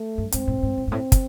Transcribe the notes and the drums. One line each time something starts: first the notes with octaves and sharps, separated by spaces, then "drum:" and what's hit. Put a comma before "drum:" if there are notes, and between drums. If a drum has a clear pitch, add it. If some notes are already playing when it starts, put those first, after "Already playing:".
Already playing: A3
G2
G#2 C4, drum: hi-hat
A2
A2
G#2
A2
G#2
A2 C4
drum: kick, hi-hat